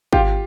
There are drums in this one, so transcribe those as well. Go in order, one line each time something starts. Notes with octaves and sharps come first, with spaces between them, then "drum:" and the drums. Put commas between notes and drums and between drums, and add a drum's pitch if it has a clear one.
F4 G4, drum: kick G#1